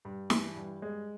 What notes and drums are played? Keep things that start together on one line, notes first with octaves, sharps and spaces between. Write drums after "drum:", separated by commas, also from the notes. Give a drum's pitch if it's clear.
G2
E3, drum: snare
G2
G#3